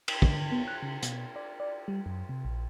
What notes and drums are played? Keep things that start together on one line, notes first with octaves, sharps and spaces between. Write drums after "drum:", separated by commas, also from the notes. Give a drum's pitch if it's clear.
drum: cymbal
D3, drum: kick
B3
F#6
C#3
B2, drum: hi-hat
D5
D5
G3
F#2
C3
A#1